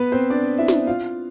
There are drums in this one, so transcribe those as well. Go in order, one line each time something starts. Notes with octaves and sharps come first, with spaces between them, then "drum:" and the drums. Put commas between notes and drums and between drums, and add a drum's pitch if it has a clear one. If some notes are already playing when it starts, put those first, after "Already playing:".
Already playing: B3 B4
C4 C5
D4 D5
E4 E5
drum: snare
F4 F5